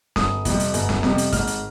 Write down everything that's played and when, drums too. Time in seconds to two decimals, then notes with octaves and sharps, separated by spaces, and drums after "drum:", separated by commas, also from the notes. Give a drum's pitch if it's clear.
0.16 G1 D#6, drum: snare
0.45 F2 C3 G3, drum: kick, hi-hat
0.60 drum: hi-hat
0.74 G1, drum: hi-hat
0.89 drum: snare
1.03 F2 C3 G3, drum: snare
1.18 drum: hi-hat
1.32 G#1 F6, drum: kick, hi-hat
1.47 drum: hi-hat